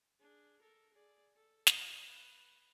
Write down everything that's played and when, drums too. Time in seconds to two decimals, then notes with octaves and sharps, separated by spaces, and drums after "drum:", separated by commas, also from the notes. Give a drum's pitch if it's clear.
0.20 D4 G#4
0.61 A4 A#4
0.94 G#4 D5
1.35 A4
1.67 D5, drum: snare
2.06 B4